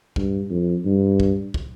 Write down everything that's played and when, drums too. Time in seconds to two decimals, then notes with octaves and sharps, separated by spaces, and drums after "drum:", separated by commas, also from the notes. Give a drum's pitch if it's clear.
0.16 G2, drum: kick
0.50 F2
0.85 G2
1.20 drum: kick
1.54 drum: kick